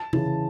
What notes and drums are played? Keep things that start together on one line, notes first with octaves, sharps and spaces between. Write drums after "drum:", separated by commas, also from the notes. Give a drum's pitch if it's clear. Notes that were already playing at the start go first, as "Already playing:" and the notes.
Already playing: A5
C#3 E3, drum: tom C3